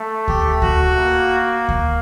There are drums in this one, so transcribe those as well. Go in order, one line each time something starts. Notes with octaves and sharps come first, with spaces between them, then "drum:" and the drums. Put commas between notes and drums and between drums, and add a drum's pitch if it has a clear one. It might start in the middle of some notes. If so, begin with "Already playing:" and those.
Already playing: A3
G4, drum: kick D2
F#4, drum: kick D2
A#3
drum: kick D2